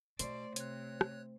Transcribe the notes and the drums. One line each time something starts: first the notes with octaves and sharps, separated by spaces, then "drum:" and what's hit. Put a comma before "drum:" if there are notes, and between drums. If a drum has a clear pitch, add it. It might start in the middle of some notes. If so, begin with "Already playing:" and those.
B2 A3 C5 D5, drum: hi-hat
C3 C#5 F#6, drum: hi-hat
drum: rim click